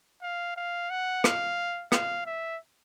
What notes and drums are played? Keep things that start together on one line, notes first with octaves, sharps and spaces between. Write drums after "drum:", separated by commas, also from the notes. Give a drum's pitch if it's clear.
F5
F5
F#5
F5, drum: rim click
F5, drum: rim click
E5